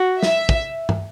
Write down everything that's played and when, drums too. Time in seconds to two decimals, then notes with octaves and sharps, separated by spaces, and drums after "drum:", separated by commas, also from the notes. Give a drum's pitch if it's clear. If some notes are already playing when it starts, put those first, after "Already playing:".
Already playing: F#4
0.23 E5, drum: snare
0.49 drum: kick
0.89 drum: tom